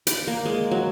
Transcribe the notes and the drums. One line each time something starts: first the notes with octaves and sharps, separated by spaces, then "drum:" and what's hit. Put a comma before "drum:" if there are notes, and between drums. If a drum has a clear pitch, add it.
D5, drum: hi-hat
A#3
G#3
F#3